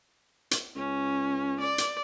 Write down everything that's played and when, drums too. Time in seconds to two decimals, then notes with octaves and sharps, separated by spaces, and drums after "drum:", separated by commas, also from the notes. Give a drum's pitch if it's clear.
0.51 drum: hi-hat
0.76 C#2 C#4
1.60 D5
1.78 drum: hi-hat